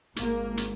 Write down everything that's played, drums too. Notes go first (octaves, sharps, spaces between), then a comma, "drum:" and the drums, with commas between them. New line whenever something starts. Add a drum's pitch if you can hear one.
G#1 G#2 A#3, drum: hi-hat
drum: hi-hat